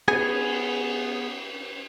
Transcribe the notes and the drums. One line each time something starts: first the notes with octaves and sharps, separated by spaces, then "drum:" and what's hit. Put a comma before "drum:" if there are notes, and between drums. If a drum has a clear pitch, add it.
B3 G#4 G#5, drum: cymbal